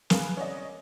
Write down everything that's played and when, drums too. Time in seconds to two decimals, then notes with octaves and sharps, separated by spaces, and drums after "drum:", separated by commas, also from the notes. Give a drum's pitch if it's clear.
0.10 G#4 A#4 B4 F5 G#5, drum: snare
0.37 C#4 D5 D#5